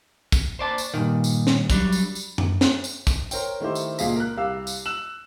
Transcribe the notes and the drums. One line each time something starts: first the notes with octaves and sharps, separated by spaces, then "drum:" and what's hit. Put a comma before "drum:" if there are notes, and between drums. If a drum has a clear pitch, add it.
drum: kick, tambourine
C5 D5 A5
drum: tambourine
G2 A#2 D#3
drum: tambourine
drum: snare
F#3 G3 D4, drum: kick, tambourine
drum: tambourine
drum: tambourine
drum: tom F#2
drum: snare
drum: tambourine
drum: kick, tambourine
A#4 C5 C#5 G5, drum: tambourine
D#3 A3 E4 G4 C5
drum: tambourine
C#2 A#2 A#3 G#4 F5 B6, drum: tambourine
A#4 F#6
C2 G4 F5 E6
drum: tambourine
E6 F#6 E7 F#7